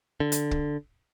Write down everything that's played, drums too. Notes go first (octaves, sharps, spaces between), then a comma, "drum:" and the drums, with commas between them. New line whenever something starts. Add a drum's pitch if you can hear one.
D3
drum: hi-hat
drum: kick